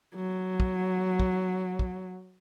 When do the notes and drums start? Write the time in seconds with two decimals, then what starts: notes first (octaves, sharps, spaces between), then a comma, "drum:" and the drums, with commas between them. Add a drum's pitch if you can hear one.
0.15 F#3
0.60 drum: kick
1.20 drum: kick
1.79 drum: kick